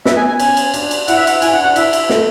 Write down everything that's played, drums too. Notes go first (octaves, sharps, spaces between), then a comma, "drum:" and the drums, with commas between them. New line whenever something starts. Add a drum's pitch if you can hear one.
B3 E5, drum: snare
G#5
G#5
C#4 G#5, drum: cymbal
drum: cymbal
D4, drum: cymbal
drum: cymbal
E4 F#5, drum: cymbal
E5
F#5, drum: cymbal
E4 G#5, drum: cymbal
D4 F#5
D4 F#5
E4 E5, drum: cymbal
drum: cymbal
A3, drum: snare